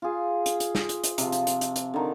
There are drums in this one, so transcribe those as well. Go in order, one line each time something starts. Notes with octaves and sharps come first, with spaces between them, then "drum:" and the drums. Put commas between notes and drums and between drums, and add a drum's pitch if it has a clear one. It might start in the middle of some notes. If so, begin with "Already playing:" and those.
F4 G#4
drum: hi-hat
drum: hi-hat
drum: snare
drum: hi-hat
drum: hi-hat
C3 F3, drum: hi-hat
drum: hi-hat
drum: hi-hat
drum: hi-hat
drum: hi-hat
D3 D#3